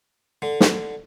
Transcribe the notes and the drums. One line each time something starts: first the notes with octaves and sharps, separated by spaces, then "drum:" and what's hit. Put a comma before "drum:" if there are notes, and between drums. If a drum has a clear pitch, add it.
D3
drum: snare